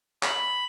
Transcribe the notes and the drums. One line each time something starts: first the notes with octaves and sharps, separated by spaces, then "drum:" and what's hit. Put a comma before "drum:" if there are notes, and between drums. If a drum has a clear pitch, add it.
B5, drum: clap